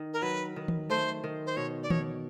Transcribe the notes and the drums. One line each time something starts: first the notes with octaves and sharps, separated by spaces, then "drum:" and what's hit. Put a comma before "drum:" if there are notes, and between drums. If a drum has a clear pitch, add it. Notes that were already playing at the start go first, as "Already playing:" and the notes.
Already playing: D#3
A#4
F#3 B4
D#3
drum: tom D#3
A3 C5
D#3
C5
B2 C#5
D5
B2 C#5, drum: tom D#3